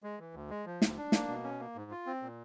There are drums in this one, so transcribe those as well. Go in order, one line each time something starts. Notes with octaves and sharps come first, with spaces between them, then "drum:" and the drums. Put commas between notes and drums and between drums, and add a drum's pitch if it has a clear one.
G#3
E3
D2
G#3
F3
D2, drum: snare
D4
A#3, drum: snare
B2
C#4
A#3
G#2
F4
C4
A#2